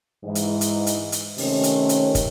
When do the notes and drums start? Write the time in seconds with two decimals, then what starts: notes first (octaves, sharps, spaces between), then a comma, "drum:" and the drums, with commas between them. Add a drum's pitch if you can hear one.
0.24 G#2 E3
0.35 drum: hi-hat
0.61 drum: hi-hat
0.87 drum: hi-hat
1.12 drum: hi-hat
1.38 C3 D#3 A3 C#4, drum: open hi-hat
1.63 drum: hi-hat
1.89 drum: hi-hat
2.15 drum: kick, hi-hat